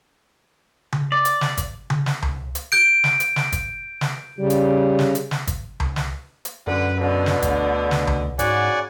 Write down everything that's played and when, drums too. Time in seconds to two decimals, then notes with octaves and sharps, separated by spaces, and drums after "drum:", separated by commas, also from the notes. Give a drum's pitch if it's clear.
0.92 drum: tom C#3
1.12 D5
1.25 drum: hi-hat
1.41 drum: snare
1.57 drum: kick G1, hi-hat
1.90 drum: tom C#3
2.06 drum: snare
2.22 drum: tom C#2
2.55 drum: hi-hat
2.72 G6 D7
3.04 drum: snare
3.20 drum: hi-hat
3.36 drum: snare
3.52 drum: kick G1, hi-hat
4.01 drum: snare
4.39 C#3 G3
4.50 drum: hi-hat
4.99 drum: snare
5.15 drum: hi-hat
5.31 drum: snare
5.47 drum: kick G1, hi-hat
5.80 drum: tom C#2
5.96 drum: snare
6.45 drum: hi-hat
6.67 F#2 D3 B4
7.01 B2 D3
7.26 drum: snare
7.42 D2, drum: kick G1, hi-hat
7.91 drum: snare
8.07 drum: tom C#2
8.39 G#2 C#3 F#4 D5 F#5 G#5, drum: hi-hat